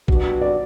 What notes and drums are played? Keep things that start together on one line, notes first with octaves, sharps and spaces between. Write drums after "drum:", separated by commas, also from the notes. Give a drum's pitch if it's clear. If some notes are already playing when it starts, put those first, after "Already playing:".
G3 B3 D4 F#4, drum: kick A1
D5